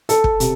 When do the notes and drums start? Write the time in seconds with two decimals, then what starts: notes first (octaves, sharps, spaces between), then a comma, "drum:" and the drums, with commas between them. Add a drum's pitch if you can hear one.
0.09 A4, drum: hi-hat
0.24 drum: kick
0.40 C3, drum: hi-hat